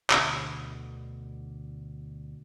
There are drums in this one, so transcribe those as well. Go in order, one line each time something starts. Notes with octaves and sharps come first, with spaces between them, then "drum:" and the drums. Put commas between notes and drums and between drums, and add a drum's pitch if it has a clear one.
D2 B2 D3, drum: clap